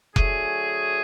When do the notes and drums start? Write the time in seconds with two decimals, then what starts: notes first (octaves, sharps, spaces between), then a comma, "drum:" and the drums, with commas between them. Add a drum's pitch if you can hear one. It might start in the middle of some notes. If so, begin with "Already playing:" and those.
0.16 D3 F#3 A3 G#4, drum: kick F1